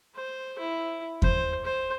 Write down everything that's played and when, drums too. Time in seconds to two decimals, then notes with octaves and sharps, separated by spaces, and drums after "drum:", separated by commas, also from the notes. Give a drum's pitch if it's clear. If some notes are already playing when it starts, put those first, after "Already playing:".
0.15 C5
0.59 E4
1.22 C5, drum: kick E2
1.65 C5